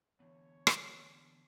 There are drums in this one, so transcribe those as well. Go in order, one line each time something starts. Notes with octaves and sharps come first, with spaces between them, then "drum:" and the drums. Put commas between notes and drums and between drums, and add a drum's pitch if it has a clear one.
D3 E3 B3 C#5
drum: rim click